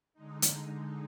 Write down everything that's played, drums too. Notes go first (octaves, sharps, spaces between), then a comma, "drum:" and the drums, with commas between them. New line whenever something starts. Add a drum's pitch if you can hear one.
D3 G#3 D#4
drum: hi-hat